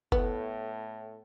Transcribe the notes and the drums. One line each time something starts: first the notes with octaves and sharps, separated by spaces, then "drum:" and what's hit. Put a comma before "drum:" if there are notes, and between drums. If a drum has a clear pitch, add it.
A2 B3, drum: kick F#1